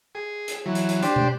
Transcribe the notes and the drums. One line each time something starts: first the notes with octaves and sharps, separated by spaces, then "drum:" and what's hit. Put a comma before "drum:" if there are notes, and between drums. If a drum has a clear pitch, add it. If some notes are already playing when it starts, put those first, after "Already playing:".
G#4
drum: hi-hat
E3 F#3
drum: hi-hat
drum: hi-hat
D4 G4 C5, drum: hi-hat
drum: tom